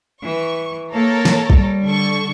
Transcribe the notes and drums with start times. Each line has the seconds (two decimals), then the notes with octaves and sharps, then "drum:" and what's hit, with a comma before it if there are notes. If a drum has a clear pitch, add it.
0.23 E3 C#6
0.93 A#3 A4 A#4 C#5
1.25 drum: snare
1.50 G3, drum: kick
1.83 D3 A4 C#6